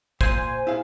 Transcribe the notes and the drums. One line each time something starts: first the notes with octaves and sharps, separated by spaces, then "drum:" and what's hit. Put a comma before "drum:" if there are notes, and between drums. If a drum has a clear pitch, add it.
A#2 C5 G#5, drum: kick
E4 G#4 F5